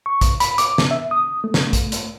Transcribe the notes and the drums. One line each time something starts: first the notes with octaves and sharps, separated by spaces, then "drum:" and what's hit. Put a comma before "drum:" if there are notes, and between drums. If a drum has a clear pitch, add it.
C#6
drum: kick, hi-hat
B5, drum: hi-hat
D6, drum: hi-hat
drum: snare
E5
D#6
A3
drum: snare
drum: kick, hi-hat
drum: hi-hat